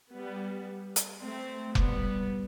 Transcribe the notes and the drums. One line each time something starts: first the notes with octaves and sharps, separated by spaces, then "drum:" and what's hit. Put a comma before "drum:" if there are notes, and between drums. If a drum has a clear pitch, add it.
G3 B3
drum: hi-hat
A3 C4
G3 B3, drum: kick F1